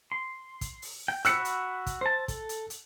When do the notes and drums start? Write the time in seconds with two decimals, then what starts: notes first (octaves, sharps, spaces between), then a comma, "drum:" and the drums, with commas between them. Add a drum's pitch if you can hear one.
0.12 C6
0.61 drum: kick, hi-hat
0.82 drum: open hi-hat
1.08 G5
1.25 F#4 B5 E6 F#6 C#7, drum: hi-hat
1.45 drum: hi-hat
1.86 drum: kick, hi-hat
2.01 C5 A5
2.28 A4, drum: kick, hi-hat
2.49 drum: hi-hat
2.70 drum: hi-hat